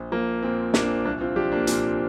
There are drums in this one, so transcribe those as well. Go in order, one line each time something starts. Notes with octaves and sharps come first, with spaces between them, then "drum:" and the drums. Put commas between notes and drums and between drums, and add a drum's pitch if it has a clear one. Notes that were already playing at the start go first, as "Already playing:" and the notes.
Already playing: A#1
F3 A#3
A#2 C4
A#1 A#3 D4, drum: snare
C2 A#3 D4
C4 F4
F3 D4 G4
A#3 D4
A#2 C4, drum: hi-hat